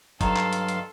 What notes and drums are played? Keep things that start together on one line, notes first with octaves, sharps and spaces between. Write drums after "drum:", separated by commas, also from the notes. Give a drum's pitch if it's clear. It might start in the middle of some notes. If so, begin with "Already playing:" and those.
G2 D#3 F#3 A4 F5 C6, drum: kick, hi-hat
drum: clap
drum: hi-hat
drum: hi-hat